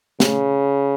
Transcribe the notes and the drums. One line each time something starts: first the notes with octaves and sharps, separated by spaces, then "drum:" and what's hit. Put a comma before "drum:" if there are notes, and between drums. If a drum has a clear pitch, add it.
C#3, drum: snare